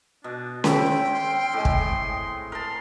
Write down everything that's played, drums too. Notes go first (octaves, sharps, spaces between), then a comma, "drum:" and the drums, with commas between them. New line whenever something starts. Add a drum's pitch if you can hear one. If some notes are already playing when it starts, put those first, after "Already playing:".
B2 D4
C4 C#4 G5 B5, drum: snare C#4
C6
A2 G#3
drum: kick
A#4 A5 C6